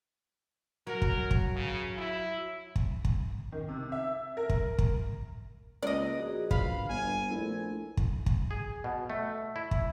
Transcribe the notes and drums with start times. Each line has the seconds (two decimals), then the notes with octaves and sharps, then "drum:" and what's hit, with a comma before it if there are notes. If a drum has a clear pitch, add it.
0.87 F#3 A#4
1.02 drum: kick
1.31 drum: kick
1.56 C#3
1.98 E4
2.76 drum: kick
3.05 drum: kick
3.52 D#3
3.69 C3
3.92 E5
4.37 A#4
4.50 drum: kick
4.78 drum: kick
5.83 C#2 A#3 B4 D5 D#5
6.18 A#1 F#4 G#4
6.51 B4 F5 B5, drum: kick
6.89 G1 G#5
7.30 A#1 A3 E4 A4
7.97 drum: kick
8.26 drum: kick
8.51 G#4
8.84 B2
9.10 A3
9.56 E4
9.71 drum: kick